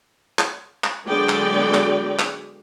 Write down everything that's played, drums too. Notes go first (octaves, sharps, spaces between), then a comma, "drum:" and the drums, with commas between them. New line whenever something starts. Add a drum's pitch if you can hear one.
drum: clap
drum: clap
D3 F#3 G#3 B3 D5 G5
drum: clap
drum: clap
drum: clap